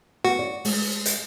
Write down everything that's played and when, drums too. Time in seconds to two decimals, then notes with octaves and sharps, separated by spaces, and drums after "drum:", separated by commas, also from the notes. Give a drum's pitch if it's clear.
0.24 B3 F#4
0.39 D5
0.65 G#3, drum: open hi-hat
1.06 drum: hi-hat